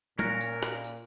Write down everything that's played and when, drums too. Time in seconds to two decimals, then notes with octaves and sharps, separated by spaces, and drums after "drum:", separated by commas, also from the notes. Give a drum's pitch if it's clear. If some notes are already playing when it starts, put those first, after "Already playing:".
0.19 A#2 C#4 F#4 A#4, drum: tom G3
0.41 drum: tambourine
0.63 drum: rim click
0.84 drum: tambourine